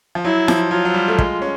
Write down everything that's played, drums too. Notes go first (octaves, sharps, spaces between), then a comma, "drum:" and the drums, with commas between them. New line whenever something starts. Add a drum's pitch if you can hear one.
F3
F#3 E4
F3, drum: snare
F#3 F4
F#3
G3
A3
G#3, drum: kick
C#4